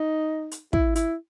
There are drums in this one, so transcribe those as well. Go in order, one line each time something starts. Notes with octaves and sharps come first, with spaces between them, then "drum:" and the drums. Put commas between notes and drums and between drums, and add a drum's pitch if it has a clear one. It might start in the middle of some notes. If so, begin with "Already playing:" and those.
Already playing: D#4
drum: hi-hat
E4, drum: kick
E4, drum: hi-hat